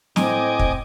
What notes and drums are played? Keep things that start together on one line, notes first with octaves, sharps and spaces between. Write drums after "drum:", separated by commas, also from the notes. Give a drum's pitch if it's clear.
A2 C4 D#5 G#5 D6, drum: snare
drum: kick